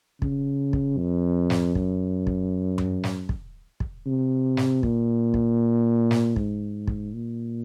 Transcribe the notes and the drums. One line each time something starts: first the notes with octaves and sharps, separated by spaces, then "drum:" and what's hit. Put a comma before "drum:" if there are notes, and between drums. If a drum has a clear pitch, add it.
C#3, drum: kick
drum: kick
F2
drum: snare
F#2, drum: kick
drum: kick
drum: tom F#2
drum: snare
drum: kick
drum: kick
C3
drum: snare
A#2, drum: kick
drum: kick
drum: snare
G#2, drum: kick
drum: kick
A#2